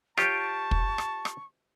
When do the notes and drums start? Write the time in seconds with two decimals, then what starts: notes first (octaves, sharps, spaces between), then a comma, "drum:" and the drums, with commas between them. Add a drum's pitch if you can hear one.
0.17 F4 G4 C#5 A5 C#6 G6 D7, drum: rim click
0.71 drum: kick
0.98 drum: rim click
1.25 drum: rim click